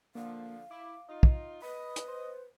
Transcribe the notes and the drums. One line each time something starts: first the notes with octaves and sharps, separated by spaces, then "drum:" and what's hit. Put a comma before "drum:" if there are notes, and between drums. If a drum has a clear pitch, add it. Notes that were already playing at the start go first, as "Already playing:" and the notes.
D3 F3 A#3 F5
E4 D6
D#4 F4 D#5
drum: kick
B4 D#5 B5
drum: hi-hat
C5